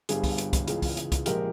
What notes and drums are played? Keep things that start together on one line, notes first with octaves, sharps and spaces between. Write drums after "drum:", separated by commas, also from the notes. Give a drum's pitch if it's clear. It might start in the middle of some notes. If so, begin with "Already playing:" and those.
G1 G2 G3 G#4, drum: hi-hat
drum: kick, open hi-hat
drum: hi-hat
drum: kick, hi-hat
C#2 C#3 E3, drum: hi-hat
drum: kick, open hi-hat
drum: hi-hat
drum: kick, hi-hat
A#1 F3 G#3 G4 A#4, drum: hi-hat